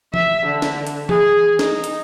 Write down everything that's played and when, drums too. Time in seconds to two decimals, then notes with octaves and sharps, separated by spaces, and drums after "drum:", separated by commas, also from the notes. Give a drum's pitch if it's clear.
0.14 E5, drum: tom E3
0.46 D3
0.62 drum: snare
0.87 drum: hi-hat
1.09 G#4, drum: tom E3
1.59 D#4, drum: snare
1.84 drum: hi-hat